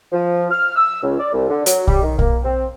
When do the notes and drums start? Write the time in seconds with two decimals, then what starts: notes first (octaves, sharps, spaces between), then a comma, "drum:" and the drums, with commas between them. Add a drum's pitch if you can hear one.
0.12 F3
0.51 F6
0.76 E6
1.03 C#2
1.20 D5
1.33 C2
1.50 D3
1.66 F#3, drum: hi-hat
1.87 G3, drum: kick B1
2.03 D#3
2.19 A#3, drum: kick B1
2.44 C4